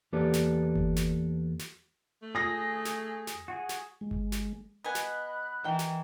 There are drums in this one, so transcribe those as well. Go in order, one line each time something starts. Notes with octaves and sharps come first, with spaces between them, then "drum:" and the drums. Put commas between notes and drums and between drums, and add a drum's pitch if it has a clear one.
E2 A#3 G4 A4 B4 D5
drum: snare
drum: kick G1
drum: snare
drum: snare
A3
G#4 D#6 A#6
drum: snare
drum: snare
F#4 G#4
drum: snare
G#3
drum: kick G1
drum: snare
B3 B4 D#5 G#5 B5 F#6
drum: snare
D#3 E3 G5
drum: snare